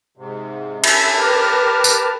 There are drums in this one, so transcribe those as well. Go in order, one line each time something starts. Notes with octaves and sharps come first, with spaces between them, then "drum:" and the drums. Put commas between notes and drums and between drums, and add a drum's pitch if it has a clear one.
G#2 C3
E5 G#5 A5 B5, drum: cymbal
G4 A#4 B4 A5 F6
drum: tambourine